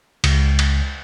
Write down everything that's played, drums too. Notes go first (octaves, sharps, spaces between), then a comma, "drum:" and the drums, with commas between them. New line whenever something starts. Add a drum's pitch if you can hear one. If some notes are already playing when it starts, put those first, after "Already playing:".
C#2, drum: cymbal
drum: cymbal